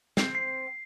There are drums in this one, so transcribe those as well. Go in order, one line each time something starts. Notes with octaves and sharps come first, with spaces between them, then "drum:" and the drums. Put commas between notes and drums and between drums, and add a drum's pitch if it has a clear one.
C4, drum: snare
C7